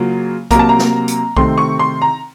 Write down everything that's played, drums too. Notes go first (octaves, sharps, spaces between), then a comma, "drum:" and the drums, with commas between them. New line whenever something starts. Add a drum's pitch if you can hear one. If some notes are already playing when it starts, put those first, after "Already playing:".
Already playing: C#3 F#3 A#3 F4
C3 F#3 A#3 A#5, drum: kick B1, hi-hat
A5
A#5
drum: snare
drum: hi-hat
C3 D#3 A3 C4 C6, drum: kick B1
C#6
C6
A#5